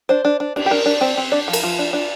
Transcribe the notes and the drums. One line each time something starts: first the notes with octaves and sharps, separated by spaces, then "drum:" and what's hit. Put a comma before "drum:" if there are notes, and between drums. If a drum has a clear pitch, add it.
D4 C5
D4
D4
D4, drum: cymbal
G4
D4 A#4
D4
C4 C5
C4
D4 D5
F3
A#4, drum: cymbal
F3 F4
D4
D4